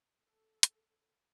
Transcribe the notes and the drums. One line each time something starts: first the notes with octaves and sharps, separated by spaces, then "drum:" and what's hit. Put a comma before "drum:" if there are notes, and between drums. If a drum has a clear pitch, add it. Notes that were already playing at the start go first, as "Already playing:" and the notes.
A4
drum: hi-hat